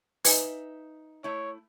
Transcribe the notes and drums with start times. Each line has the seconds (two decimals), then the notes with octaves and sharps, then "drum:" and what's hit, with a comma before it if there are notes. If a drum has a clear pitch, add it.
0.25 D#4 B4 E5 G#5, drum: open hi-hat
1.24 A3 E4 C#5